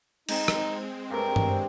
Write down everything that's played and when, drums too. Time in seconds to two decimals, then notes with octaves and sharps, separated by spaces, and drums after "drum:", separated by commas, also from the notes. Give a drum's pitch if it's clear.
0.29 G#3 C4 D#4, drum: cymbal
0.48 drum: rim click
1.10 G2 C3 A3 A#4
1.36 drum: tom G2